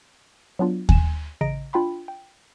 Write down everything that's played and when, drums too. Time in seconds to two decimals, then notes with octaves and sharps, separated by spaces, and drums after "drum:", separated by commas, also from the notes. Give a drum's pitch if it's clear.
0.59 F#3 B3 D4 F4
0.89 G#5 E7, drum: kick D#2
1.41 A1 C#3 D#5 A#5 A#6 D7
1.73 D4 F4 G5 B5 C6
2.08 G5